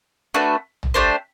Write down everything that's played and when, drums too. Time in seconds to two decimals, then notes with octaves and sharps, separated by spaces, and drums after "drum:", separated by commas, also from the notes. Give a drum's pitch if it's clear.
0.34 A3 D4 F#4 B4
0.83 drum: tom A1
0.94 A3 D4 G4 C5